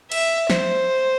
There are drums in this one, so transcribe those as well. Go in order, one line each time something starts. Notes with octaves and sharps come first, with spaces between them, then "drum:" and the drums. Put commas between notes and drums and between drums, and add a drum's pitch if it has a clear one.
E5, drum: cymbal
C5, drum: snare